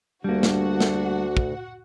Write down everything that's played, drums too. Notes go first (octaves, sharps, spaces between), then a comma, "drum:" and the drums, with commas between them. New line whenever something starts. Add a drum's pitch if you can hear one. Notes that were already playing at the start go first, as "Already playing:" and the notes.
D2 G3 A#3 D4 F#4 F#5
drum: snare
drum: snare
drum: kick